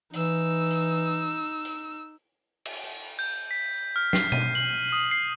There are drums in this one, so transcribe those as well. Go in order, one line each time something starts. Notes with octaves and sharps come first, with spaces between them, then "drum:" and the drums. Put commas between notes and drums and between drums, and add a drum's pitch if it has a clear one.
E3 D#4 E6, drum: hi-hat
drum: hi-hat
drum: hi-hat
drum: cymbal
drum: hi-hat
G6
B6
F6
C7, drum: snare
D#7, drum: tom B2
F#7
D#6
C7